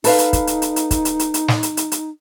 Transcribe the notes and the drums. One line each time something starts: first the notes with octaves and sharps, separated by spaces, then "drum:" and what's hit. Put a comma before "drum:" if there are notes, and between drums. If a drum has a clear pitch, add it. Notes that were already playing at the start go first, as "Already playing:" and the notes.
D#4 A4 B4 F5, drum: open hi-hat
drum: hi-hat
drum: kick, hi-hat
drum: hi-hat
drum: hi-hat
drum: hi-hat
drum: kick, hi-hat
drum: hi-hat
drum: hi-hat
drum: hi-hat
drum: snare
drum: hi-hat
drum: hi-hat
drum: hi-hat